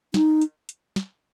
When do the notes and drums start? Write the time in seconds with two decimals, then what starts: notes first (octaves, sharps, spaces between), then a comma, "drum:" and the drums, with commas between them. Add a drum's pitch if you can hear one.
0.14 D#4, drum: snare
0.41 drum: hi-hat
0.69 drum: hi-hat
0.96 drum: snare